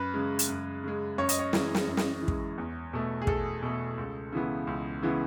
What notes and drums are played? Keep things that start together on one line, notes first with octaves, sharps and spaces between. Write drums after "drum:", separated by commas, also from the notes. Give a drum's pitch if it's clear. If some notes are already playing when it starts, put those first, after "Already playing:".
Already playing: F#2 B4
C#3 G#3
drum: hi-hat
F#2
C#3 G#3
F#2 C#5
D#5, drum: hi-hat
C#5
E3 G#3, drum: snare
drum: snare
F#2
drum: snare
E3
G#3, drum: kick
E2
B2 A3
G#4
E2 A4, drum: kick
B2 A3
C#2
C#3 E3 B3
C#2
C#3 E3 B3